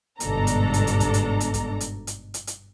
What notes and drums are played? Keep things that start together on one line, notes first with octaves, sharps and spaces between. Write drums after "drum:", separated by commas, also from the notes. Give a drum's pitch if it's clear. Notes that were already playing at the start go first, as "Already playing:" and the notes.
G1 G#2 B2 D4 A4 A#5, drum: hi-hat
drum: hi-hat
drum: hi-hat
drum: hi-hat
drum: kick, hi-hat
drum: hi-hat
drum: hi-hat
drum: kick, hi-hat
drum: hi-hat
drum: hi-hat
drum: hi-hat
drum: hi-hat